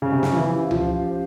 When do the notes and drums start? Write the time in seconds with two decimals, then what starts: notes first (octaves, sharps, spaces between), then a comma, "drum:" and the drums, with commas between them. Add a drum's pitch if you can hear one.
0.01 C#3 C#4 G4 C5 F5
0.12 C3
0.23 C#3, drum: snare
0.33 F3
0.36 E3
0.71 F3, drum: tom C#2